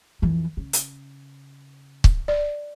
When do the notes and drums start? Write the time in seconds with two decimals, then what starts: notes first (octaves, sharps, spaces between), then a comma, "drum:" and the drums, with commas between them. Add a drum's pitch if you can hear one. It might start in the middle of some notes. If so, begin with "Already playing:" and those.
0.22 F2 E3
0.57 C#3
0.73 drum: hi-hat
2.04 drum: kick
2.28 D5